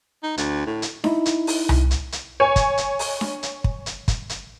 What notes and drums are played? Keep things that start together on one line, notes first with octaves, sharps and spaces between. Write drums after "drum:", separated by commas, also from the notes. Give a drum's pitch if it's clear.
D#4
D2, drum: hi-hat
A2
drum: hi-hat
D#4 E4, drum: snare D4
drum: hi-hat
drum: open hi-hat
drum: tom C2
drum: hi-hat
drum: hi-hat
C#5 G#5
drum: kick, hi-hat
drum: hi-hat
drum: open hi-hat
drum: snare D4
drum: hi-hat
drum: kick
drum: hi-hat
drum: kick, hi-hat
drum: hi-hat